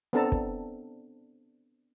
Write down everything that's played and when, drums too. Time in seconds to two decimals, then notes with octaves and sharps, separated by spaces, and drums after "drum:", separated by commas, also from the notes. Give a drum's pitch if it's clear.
0.13 B3 C4 D4 A4 A5 A#5
0.32 drum: kick